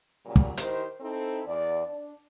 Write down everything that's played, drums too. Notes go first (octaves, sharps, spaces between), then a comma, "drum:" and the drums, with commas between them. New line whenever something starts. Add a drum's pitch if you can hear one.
A#2 C#3 F#3 G3
drum: kick
D#3 E4 G4 C5, drum: hi-hat
C4 D#4 E4 A4
E2 D5
D4